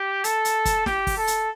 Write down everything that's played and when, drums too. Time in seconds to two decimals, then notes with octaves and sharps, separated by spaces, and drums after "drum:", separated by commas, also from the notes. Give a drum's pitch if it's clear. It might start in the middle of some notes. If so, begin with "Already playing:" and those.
Already playing: G4
0.24 A4, drum: hi-hat
0.45 drum: hi-hat
0.65 drum: kick, hi-hat
0.86 G4, drum: snare
1.07 drum: kick, open hi-hat
1.17 A4
1.27 drum: hi-hat